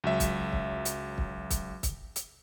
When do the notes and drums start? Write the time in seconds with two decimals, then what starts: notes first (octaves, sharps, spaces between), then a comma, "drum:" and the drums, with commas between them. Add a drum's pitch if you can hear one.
0.04 C#2 F#3 E5
0.20 drum: kick, hi-hat
0.53 drum: kick
0.85 drum: hi-hat
1.18 drum: kick
1.50 drum: kick, hi-hat
1.83 drum: kick, hi-hat
2.16 drum: hi-hat